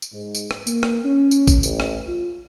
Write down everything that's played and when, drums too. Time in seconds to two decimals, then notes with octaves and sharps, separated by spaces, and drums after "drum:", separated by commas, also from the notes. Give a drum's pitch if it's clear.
0.02 drum: tambourine
0.12 G#2
0.35 drum: tambourine
0.51 drum: rim click
0.67 A#3, drum: tambourine
0.83 drum: rim click
1.04 C#4
1.31 drum: tambourine
1.47 drum: kick A1, tambourine
1.63 A1, drum: tambourine
1.80 drum: rim click
2.08 F4